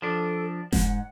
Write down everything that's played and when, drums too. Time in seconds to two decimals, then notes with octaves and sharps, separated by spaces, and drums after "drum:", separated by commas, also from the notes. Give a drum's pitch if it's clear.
0.02 F3 D4 A4
0.72 G#2 F#5, drum: snare F1